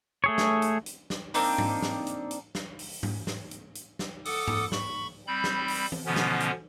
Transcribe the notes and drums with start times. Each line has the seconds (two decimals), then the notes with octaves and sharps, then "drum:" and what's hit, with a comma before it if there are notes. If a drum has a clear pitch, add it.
0.24 A3 G#4 C#5
0.38 drum: snare
0.62 drum: hi-hat
0.86 drum: hi-hat
1.10 drum: snare
1.34 A#3 C4 D4 D#4, drum: open hi-hat
1.58 drum: tom G#2
1.82 drum: snare
2.07 drum: hi-hat
2.31 drum: hi-hat
2.55 drum: snare
2.79 drum: open hi-hat
3.03 drum: tom G#2
3.27 drum: snare
3.51 drum: hi-hat
3.75 drum: hi-hat
3.99 drum: snare
4.25 A4 F#5 D6 D#6, drum: open hi-hat
4.48 drum: tom G#2
4.72 B5 C#6, drum: snare
5.27 G3 C4 B5 G6
5.44 drum: snare
5.68 drum: open hi-hat
5.92 drum: tom E3
6.06 B2 D3 F3 B3 C#4
6.16 drum: snare
6.40 drum: hi-hat